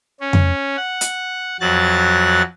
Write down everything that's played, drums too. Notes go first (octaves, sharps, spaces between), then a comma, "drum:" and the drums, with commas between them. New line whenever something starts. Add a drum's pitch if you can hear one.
C#4
drum: tom F2
F#5
drum: hi-hat
F2 F#3 F#4 F#6 A6